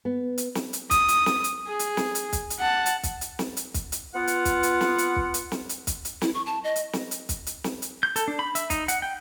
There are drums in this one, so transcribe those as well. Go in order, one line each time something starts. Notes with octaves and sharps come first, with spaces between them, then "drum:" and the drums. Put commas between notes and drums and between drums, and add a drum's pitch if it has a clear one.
B3
drum: hi-hat
drum: snare
drum: hi-hat
D#6, drum: kick, hi-hat
drum: hi-hat
drum: snare
drum: hi-hat
G#4
drum: hi-hat
drum: snare
drum: hi-hat
drum: kick, hi-hat
drum: hi-hat
F#5 A5
drum: hi-hat
drum: kick, hi-hat
drum: hi-hat
drum: snare
drum: hi-hat
drum: kick, hi-hat
drum: hi-hat
B3 F4 F#5
drum: hi-hat
drum: kick, hi-hat
drum: hi-hat
drum: snare
drum: hi-hat
drum: kick
drum: hi-hat
drum: snare
drum: hi-hat
drum: kick, hi-hat
drum: hi-hat
E4, drum: snare
C#6
A5
D#5
drum: hi-hat
drum: snare
drum: hi-hat
drum: kick, hi-hat
drum: hi-hat
drum: snare
drum: hi-hat
G6
A4, drum: hi-hat
D4
B5
E5, drum: hi-hat
D#4, drum: kick, hi-hat
F#5, drum: hi-hat
G5